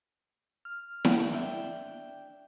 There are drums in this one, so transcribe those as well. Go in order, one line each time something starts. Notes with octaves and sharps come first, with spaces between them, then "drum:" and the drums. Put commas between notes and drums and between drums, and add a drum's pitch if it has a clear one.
F6
F#5 G5, drum: snare E4
D4 D5 E5 G5